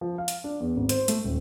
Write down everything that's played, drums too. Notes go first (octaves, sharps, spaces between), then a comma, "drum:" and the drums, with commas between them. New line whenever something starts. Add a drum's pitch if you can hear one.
F3
F5
drum: hi-hat
D4
E2
G#1
C5, drum: hi-hat
A3, drum: hi-hat
D#1